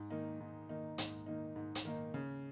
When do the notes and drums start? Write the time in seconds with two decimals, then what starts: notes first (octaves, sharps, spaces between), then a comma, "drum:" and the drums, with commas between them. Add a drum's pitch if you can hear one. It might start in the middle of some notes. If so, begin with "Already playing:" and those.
Already playing: G#2
0.10 D#3 A#3 D#4
0.40 G#2
0.69 D#3 A#3 D#4
0.98 G#2, drum: hi-hat
1.26 D#3 A#3 D#4
1.56 G#2
1.75 drum: hi-hat
1.85 D#3 A#3 D#4
2.14 C#3